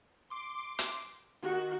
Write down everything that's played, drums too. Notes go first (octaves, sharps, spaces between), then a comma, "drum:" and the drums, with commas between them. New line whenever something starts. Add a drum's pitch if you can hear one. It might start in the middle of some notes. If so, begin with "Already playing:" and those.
C6 D6 D7
drum: hi-hat
D#3 F#4